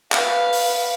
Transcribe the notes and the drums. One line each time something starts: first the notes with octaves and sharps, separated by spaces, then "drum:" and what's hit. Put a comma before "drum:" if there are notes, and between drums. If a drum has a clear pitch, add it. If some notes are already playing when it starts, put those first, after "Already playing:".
B4 F5, drum: clap
drum: open hi-hat